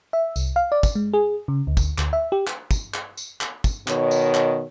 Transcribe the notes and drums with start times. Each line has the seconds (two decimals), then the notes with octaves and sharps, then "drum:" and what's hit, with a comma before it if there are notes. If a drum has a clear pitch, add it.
0.13 E5
0.36 C2, drum: tambourine
0.56 F5
0.72 D5
0.83 drum: kick, tambourine
0.95 G#3
1.13 G#4
1.48 C#3
1.67 D2
1.77 drum: kick, tambourine
1.98 D2, drum: clap
2.13 E5
2.32 G4
2.47 drum: clap
2.71 drum: kick, tambourine
2.94 drum: clap
3.17 drum: tambourine
3.41 drum: clap
3.64 drum: kick, tambourine
3.88 B2 D#3 C#5, drum: clap
4.11 drum: tambourine
4.34 drum: clap